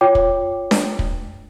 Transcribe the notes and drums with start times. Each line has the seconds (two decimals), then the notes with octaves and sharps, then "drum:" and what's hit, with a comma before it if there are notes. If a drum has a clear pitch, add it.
0.01 F4 C#5 G5 D6
0.15 drum: kick
0.71 drum: snare D4
0.99 drum: kick